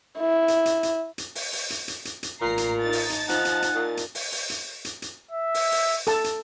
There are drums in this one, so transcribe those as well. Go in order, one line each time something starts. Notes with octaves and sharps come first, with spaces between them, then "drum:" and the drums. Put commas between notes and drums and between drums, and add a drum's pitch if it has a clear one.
E4
drum: hi-hat
drum: hi-hat
drum: hi-hat
drum: hi-hat
drum: open hi-hat
drum: open hi-hat
drum: hi-hat
drum: hi-hat
drum: hi-hat
drum: hi-hat
A1 A#2 A#5 C7
drum: hi-hat
D#4 A5 A6
drum: open hi-hat
drum: hi-hat
F3 F#5, drum: hi-hat
drum: hi-hat
drum: hi-hat
A#2
drum: hi-hat
drum: open hi-hat
drum: open hi-hat
drum: hi-hat
drum: hi-hat
drum: hi-hat
E5
drum: open hi-hat
drum: open hi-hat
A4 A5, drum: hi-hat
drum: hi-hat